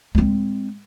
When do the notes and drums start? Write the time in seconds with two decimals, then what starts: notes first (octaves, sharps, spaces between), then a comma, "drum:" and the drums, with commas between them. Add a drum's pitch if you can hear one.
0.15 G#3 C4, drum: kick C#2